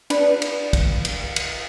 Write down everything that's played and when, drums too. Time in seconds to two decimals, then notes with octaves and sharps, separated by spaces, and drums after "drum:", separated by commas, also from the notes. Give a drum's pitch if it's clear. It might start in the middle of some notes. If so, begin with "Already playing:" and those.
0.10 D4 B4, drum: cymbal
0.42 drum: cymbal
0.73 drum: kick, cymbal
1.05 drum: cymbal
1.36 drum: cymbal